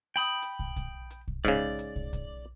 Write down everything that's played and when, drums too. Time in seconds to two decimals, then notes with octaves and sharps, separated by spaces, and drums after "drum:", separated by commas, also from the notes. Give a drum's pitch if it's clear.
0.16 G5 B5 D#6
0.42 drum: hi-hat
0.59 drum: kick
0.76 drum: kick, hi-hat
1.11 drum: hi-hat
1.28 drum: kick
1.45 G#2 C#3 D5, drum: kick, hi-hat
1.79 drum: hi-hat
1.96 drum: kick
2.13 drum: kick, hi-hat